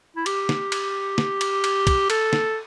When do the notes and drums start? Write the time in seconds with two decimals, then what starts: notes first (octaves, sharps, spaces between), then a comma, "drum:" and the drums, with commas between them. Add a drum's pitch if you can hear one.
0.16 E4
0.26 G4, drum: cymbal
0.49 drum: snare
0.72 drum: cymbal
1.18 drum: snare
1.41 drum: cymbal
1.64 drum: cymbal
1.87 drum: kick, cymbal
2.10 A4, drum: cymbal
2.33 drum: snare